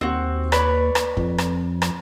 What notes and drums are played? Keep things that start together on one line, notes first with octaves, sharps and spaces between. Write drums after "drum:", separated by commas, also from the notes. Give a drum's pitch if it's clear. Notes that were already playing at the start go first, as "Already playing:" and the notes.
D#2 C4 F#4
B4 C#5 D5, drum: rim click
drum: rim click
F2, drum: kick
drum: rim click
drum: rim click